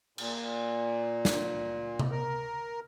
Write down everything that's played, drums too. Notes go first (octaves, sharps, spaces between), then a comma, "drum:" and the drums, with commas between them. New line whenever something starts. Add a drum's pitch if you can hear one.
A#2, drum: cymbal
drum: snare
drum: tom C3
A#4